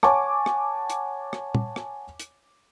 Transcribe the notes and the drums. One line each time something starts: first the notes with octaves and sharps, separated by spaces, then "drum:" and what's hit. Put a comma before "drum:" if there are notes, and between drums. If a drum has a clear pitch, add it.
C#5 F#5 G#5 A5 C#6 D6, drum: rim click
drum: rim click
drum: hi-hat
drum: rim click
drum: tom A#2
drum: rim click
drum: hi-hat